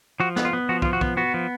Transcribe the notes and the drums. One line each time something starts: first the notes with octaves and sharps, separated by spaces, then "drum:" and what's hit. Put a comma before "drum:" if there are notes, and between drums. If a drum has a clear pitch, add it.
F3 F#4
B3, drum: snare
F4
B3
F3 F#4
F3 F4, drum: kick
F#4
B3, drum: kick
B3 F#4
F3